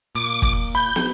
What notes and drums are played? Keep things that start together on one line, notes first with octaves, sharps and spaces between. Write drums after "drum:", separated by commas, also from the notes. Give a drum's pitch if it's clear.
A#2 D6, drum: hi-hat
drum: kick, hi-hat
B5 G6
drum: snare